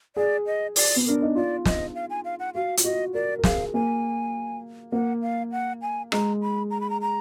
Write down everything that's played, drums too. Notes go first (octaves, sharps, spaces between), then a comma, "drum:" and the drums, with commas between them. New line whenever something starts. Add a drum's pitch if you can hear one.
G#4 D5
D#5
D5, drum: open hi-hat
B3
D4 A#4
D#4
F4 D5
D#5, drum: snare
F5
G#5
F5
F#5
F#4 F5
F4, drum: hi-hat
F#4 D#5
A#4 D5
A#4
G#4 F5, drum: snare
A#3 G#5
A#3 F#5
F5
F#5
G#5
G#3 A#5, drum: rim click
B5
A#5
B5
A#5
A#5